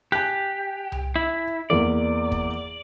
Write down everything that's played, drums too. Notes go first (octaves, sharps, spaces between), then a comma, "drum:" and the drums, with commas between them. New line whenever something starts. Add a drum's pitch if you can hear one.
G4 G#5 F#6
drum: tom C2
E4
E2 A#3 D5
drum: kick